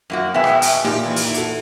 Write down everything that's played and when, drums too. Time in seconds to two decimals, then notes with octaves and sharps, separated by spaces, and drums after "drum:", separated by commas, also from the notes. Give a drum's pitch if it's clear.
0.10 F#2 A#3 F#4
0.34 B2 G#3 B3 E5 G5 G#5
0.44 drum: rim click
0.62 drum: open hi-hat
0.84 A#2 A#3 D#4 G4
1.05 E3
1.16 drum: open hi-hat
1.34 F#4 A4, drum: hi-hat